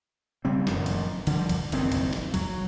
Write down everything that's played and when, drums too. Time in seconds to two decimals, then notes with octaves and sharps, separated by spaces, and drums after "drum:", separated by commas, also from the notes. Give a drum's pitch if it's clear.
0.45 C#3 G3 C4
0.67 F1 F#2 A#2 D#3, drum: snare
0.86 drum: cymbal
1.27 D3 F3 G3, drum: cymbal
1.49 drum: kick, cymbal
1.72 F#1 E2 D#3 C4, drum: cymbal
1.92 drum: kick, cymbal
2.13 drum: snare
2.34 F#3, drum: kick, cymbal